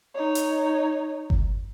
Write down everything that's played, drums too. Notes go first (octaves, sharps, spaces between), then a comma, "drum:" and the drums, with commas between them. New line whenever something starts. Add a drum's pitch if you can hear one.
D#4 C#5
drum: hi-hat
drum: kick G1